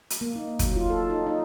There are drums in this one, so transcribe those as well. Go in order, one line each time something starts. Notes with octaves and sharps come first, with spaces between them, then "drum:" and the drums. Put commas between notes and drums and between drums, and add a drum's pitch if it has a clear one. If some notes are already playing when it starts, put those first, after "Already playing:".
drum: hi-hat
A#3
D#4
F#3, drum: kick, hi-hat
F4
A4
D#4
D#4